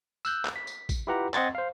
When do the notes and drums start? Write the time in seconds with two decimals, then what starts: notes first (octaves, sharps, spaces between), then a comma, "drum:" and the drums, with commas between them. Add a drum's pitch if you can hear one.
0.25 E6 F#6 G6, drum: tambourine
0.45 drum: clap
0.56 B6
0.67 drum: tambourine
0.89 drum: kick, tambourine
1.07 E4 F4 G4 B4 F#5 A#5
1.34 C4 D#5 F#5 C6 G#6 A6, drum: clap
1.55 C5 F5